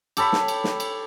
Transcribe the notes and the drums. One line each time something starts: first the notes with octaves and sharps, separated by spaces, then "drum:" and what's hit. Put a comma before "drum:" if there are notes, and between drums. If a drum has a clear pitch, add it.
G4 A4 C#5 B5, drum: cymbal
drum: snare
drum: cymbal
drum: snare
drum: cymbal